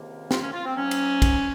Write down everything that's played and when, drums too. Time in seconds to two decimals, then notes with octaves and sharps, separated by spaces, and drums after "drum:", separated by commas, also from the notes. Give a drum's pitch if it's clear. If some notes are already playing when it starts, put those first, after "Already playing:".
Already playing: C#2 C3 D#3 A#3
0.31 F4, drum: snare
0.42 C#4
0.53 F4
0.65 C4
0.76 G#2 F#3 A#3 C#4
0.91 drum: cymbal
1.22 drum: kick, cymbal